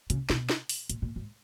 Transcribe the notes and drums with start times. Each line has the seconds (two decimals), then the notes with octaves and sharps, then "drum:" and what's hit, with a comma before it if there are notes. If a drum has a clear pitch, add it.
0.10 C#3, drum: hi-hat
0.30 B2, drum: snare
0.50 drum: snare
0.69 drum: open hi-hat
0.90 A#2, drum: hi-hat
1.02 A#2
1.16 G#2